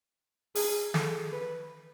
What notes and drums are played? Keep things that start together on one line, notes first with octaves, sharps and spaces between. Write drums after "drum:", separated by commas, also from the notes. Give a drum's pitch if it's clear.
G#4, drum: open hi-hat
A4, drum: snare
B4